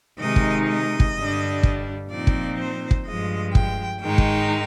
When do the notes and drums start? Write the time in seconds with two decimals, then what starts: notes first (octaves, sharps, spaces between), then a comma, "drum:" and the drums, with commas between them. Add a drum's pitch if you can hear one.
0.20 C3 D#3 G#3 D#4 D#5
0.36 drum: kick
0.68 D#5
1.00 drum: kick
1.16 G2 D3 G3 D4
1.63 drum: kick
2.11 A#2 F3 C4 D#4 D5
2.27 drum: kick
2.59 C5
2.91 drum: kick
3.07 G2 F3 G#3 D#5
3.55 G5, drum: kick
4.02 G#2 D#3 G#3 D#4 G5
4.18 drum: kick